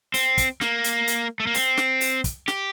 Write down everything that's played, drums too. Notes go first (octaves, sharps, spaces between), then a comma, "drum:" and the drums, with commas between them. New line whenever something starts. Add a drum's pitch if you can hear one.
C4, drum: open hi-hat
drum: kick, hi-hat
A#3, drum: snare
drum: hi-hat
drum: hi-hat
A3
A#3
C4, drum: open hi-hat
drum: snare
drum: open hi-hat
drum: kick, hi-hat
G4, drum: snare